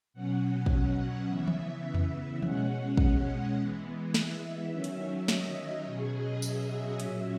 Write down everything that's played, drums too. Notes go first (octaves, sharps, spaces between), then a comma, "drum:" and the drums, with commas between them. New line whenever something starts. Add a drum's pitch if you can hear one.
B2 F#3 C#4 F#5
drum: kick
C#3 E3 B3 E5
drum: tom E3
drum: tom E2
B2 G#3 C#4 F#5, drum: tom E3
drum: kick
E3 G#3 B3
E5, drum: snare
D#3 F#3 C#4
drum: hi-hat
D#5, drum: snare
B2 F#3 C#4 G#4
D#5
E5, drum: tambourine
A#2 F#3 C#4, drum: hi-hat